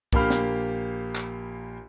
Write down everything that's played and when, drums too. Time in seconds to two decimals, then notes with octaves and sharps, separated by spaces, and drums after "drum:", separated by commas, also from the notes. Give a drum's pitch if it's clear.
0.13 A#1 A#3 G4 F5 B5 F6, drum: kick
0.30 drum: snare
1.16 drum: clap